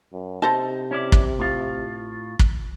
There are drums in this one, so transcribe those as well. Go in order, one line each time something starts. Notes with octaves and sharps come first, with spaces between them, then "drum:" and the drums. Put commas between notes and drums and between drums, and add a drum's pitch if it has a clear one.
F#2
C3 D#4 A4 C5 A5
C#4 E4 D5
drum: kick
A2 F4
drum: kick